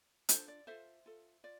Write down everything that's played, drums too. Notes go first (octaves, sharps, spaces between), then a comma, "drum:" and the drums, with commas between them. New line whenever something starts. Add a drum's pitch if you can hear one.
D4 F4 A4 C5, drum: hi-hat
D5
F4 A4 C5 E5
F4 A4
F4 D5